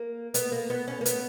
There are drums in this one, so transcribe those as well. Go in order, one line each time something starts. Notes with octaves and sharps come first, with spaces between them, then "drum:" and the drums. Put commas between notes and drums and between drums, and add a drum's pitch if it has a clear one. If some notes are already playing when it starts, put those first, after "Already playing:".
Already playing: A#3
B3, drum: hi-hat
A#3
B3
C#4
A#3
B3, drum: hi-hat